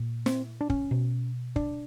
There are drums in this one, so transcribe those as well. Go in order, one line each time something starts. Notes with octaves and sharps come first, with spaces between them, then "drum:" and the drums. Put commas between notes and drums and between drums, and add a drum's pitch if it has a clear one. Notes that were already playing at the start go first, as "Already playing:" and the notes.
Already playing: A#2
C4, drum: snare
D4
C#4, drum: kick
B2
D4, drum: kick